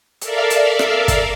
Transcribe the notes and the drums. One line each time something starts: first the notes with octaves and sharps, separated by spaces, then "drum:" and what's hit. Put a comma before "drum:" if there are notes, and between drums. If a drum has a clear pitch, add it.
A4 A#4 D5 E5 F5, drum: hi-hat
drum: hi-hat
drum: rim click
drum: kick, hi-hat